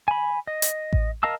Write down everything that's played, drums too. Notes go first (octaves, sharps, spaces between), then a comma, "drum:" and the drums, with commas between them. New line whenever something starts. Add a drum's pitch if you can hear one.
G#5 B5
D#5
drum: hi-hat
drum: kick A1
A#4 D#5 F5 A5 E6